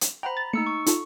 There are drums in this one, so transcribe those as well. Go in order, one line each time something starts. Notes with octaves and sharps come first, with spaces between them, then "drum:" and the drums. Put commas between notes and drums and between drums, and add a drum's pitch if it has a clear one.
drum: hi-hat
C5 F#5 G5 A#5 B5
A6
A3 A#3 D#4 E6 C#7
C#6
D#4 F4 A4, drum: hi-hat